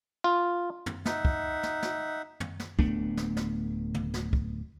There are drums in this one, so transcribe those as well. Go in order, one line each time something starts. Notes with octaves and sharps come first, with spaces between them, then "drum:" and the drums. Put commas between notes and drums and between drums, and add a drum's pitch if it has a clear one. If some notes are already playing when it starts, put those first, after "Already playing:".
F4
drum: tom
D#4 E5 F#5, drum: snare
drum: kick
drum: snare
drum: snare
drum: tom
drum: snare
D1 A3 B3 D4, drum: kick
drum: snare
drum: snare
drum: tom
drum: snare
drum: kick